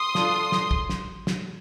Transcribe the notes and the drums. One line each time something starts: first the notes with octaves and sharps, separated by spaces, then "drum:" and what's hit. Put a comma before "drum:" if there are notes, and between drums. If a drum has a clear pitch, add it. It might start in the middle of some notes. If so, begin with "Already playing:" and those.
Already playing: C6 D#6
D4 F4 A4, drum: snare
drum: snare
drum: kick
drum: snare
drum: snare